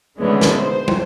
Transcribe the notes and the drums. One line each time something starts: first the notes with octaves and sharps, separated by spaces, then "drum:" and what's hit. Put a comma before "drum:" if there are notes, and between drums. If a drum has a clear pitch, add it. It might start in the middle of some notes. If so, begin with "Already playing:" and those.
D3 E3 G#3 A3 B3 C#4
drum: snare
C5
drum: tom